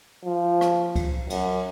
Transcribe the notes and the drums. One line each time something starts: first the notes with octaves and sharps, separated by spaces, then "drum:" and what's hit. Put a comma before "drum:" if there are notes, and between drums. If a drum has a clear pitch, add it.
F3
drum: rim click
drum: kick C2, cymbal
F#2, drum: cymbal